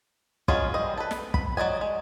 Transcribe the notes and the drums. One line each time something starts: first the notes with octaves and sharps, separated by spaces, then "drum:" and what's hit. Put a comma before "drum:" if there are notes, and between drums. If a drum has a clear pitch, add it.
F#3 G#3 C#4 F4 G#4, drum: kick
G3 D#5
A4 B4
drum: snare
B5, drum: kick
F#3 D5 D#5 G#5
G#3